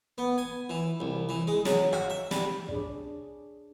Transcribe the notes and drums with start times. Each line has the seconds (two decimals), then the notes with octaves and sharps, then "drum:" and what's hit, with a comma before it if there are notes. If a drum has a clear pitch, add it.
0.18 B3
0.38 G#5
0.69 E3
1.00 C2
1.29 E3
1.47 G#3
1.65 F#3, drum: snare
1.93 F#4, drum: rim click
2.10 E5
2.31 G3, drum: snare
2.69 D4 G#4 C#5 D5, drum: kick